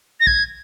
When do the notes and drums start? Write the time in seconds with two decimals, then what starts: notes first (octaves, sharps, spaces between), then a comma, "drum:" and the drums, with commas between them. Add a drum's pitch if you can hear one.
0.20 A#6
0.27 G#6, drum: kick